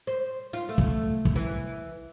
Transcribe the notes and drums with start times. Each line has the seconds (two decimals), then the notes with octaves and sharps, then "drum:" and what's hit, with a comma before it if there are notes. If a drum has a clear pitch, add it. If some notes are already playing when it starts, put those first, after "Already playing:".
0.07 C5
0.53 F4
0.69 A3
0.78 drum: kick
1.25 drum: kick
1.36 E3